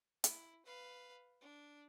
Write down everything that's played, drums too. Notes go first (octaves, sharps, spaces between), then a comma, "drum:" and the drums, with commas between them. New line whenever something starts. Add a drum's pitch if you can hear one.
E4, drum: hi-hat
B4 F5
D4